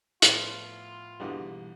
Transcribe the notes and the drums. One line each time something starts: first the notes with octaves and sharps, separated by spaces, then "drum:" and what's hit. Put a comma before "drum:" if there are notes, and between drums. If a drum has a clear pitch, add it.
A2 F3 B3 F4, drum: hi-hat
A#1 G#2 B2 D3 E3 G3